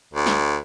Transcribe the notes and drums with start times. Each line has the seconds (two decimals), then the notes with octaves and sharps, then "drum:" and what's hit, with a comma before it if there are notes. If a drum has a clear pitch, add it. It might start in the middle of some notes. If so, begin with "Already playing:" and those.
0.13 D2
0.26 drum: snare